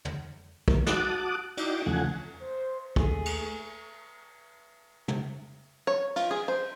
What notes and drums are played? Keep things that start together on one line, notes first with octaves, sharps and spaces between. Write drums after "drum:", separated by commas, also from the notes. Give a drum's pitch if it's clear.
drum: tom
A#3, drum: kick
F#4 A5 D6 D#6 F#6, drum: snare
D#4 E4 F#4 D5 G5, drum: cymbal
E2 C#3 F3 A3 F#5 G#5
C5
D#2 A3 G#4 A4 G#5, drum: kick
drum: cymbal
drum: tom
C#5
F4, drum: cymbal
G#4
C5